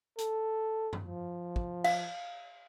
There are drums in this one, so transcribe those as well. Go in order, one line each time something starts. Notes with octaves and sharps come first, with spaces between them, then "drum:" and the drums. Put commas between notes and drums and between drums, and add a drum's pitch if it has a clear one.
A4, drum: hi-hat
drum: tom F#2
F3
drum: kick
F5, drum: cymbal